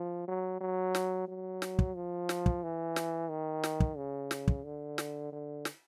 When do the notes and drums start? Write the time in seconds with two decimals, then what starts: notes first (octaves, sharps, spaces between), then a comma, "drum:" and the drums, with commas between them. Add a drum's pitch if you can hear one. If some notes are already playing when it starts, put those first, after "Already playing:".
Already playing: F3
0.28 F#3
0.61 F#3
0.95 drum: snare
1.28 F#3
1.62 drum: snare
1.79 drum: kick
1.95 F3
2.29 drum: snare
2.46 drum: kick
2.63 E3
2.96 drum: snare
3.30 D#3
3.64 drum: snare
3.80 drum: kick
3.97 C#3
4.31 drum: snare
4.48 drum: kick
4.64 D3
4.98 drum: snare
5.32 D3
5.65 drum: snare